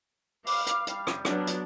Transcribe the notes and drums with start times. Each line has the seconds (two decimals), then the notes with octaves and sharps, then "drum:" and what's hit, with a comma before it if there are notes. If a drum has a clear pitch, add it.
0.47 B4 F5 D6, drum: open hi-hat
0.67 drum: hi-hat
0.87 G3, drum: hi-hat
1.07 drum: rim click
1.25 F#3 B3 D4, drum: rim click
1.47 drum: hi-hat